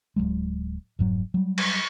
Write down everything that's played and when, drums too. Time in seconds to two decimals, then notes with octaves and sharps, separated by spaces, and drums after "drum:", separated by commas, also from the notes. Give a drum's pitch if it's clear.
0.16 D1 A#1 F#3 G#3
0.99 F1 G#2 F#3
1.34 F#3 G3
1.58 drum: cymbal